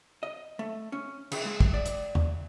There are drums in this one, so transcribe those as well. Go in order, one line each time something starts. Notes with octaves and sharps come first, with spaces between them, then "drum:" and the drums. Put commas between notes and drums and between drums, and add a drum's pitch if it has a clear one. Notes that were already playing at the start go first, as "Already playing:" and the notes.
D#5
A3
C#4
C#3, drum: cymbal
G#3
drum: kick
D5
drum: hi-hat
drum: tom E2